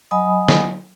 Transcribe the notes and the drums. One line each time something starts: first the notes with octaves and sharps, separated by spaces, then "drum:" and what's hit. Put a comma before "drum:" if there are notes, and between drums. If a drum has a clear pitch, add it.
F#3 D#5 G#5 B5 D#6
drum: snare